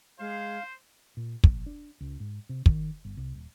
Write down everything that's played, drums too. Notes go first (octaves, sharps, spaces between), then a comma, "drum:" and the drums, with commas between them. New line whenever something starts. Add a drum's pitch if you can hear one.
G#3 C5 F5
A#2
A#1, drum: kick
D4
C#2
G#2
C3
D#3, drum: kick
G1
C2
D#1